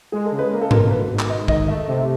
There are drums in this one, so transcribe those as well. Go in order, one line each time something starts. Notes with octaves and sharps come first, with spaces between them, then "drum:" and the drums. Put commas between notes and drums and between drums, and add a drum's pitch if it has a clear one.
G#3 G#4
A4
C#3
B4
A#3 A#4
A4
B2 A#4, drum: tom G#2
G#1 B4
G#2
drum: clap
G#2 D#5
D#3 D#5, drum: kick
A3 E5
C3